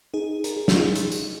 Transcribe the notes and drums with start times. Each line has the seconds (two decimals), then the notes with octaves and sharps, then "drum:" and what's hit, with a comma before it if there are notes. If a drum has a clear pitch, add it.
0.14 D#4 G#4
0.44 A#4, drum: hi-hat
0.57 G#4
0.68 F4, drum: snare
0.79 D#4 G#4
0.96 drum: hi-hat
1.12 drum: tambourine